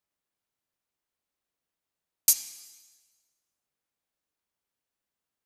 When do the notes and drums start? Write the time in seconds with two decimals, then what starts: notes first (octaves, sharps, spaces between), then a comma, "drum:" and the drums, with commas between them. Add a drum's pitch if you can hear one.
0.26 F3
0.39 G3
0.55 F3
0.68 D#3
0.90 F3
1.12 A#3
1.23 A#3
1.32 G#3
1.53 A#3
1.97 G#3
2.28 drum: hi-hat
2.83 G3
2.97 D#3
3.11 F3
4.10 G#3
4.22 A#3
4.33 C4
4.54 G3
4.65 C#3
4.75 C3
4.85 C#3
4.96 D#3
5.08 G3
5.18 G#3
5.29 A#3